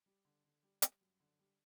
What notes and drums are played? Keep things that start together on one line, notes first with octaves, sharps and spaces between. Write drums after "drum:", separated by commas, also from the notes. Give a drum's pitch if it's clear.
G3
D3
D3
G3
G3, drum: hi-hat
F#2
D3
G3